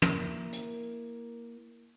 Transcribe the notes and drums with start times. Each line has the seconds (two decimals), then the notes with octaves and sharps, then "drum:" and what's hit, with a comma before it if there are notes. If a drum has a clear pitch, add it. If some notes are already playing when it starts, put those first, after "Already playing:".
0.02 A#3 E4 A#4, drum: tom
0.53 drum: hi-hat